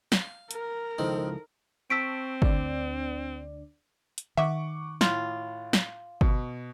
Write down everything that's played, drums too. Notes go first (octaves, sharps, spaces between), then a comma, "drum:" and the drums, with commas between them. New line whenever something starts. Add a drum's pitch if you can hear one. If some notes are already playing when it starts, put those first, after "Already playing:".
F5, drum: snare
A#4, drum: hi-hat
C#2 D#3 F3 C4 D#4 E4 A4
C4 A5 C#6 E6 B6 D7
D2 D4 D5, drum: kick G1
drum: hi-hat
D#3 E5 F#5 C#6 D6
A2 F4, drum: snare
drum: snare
B2, drum: kick G1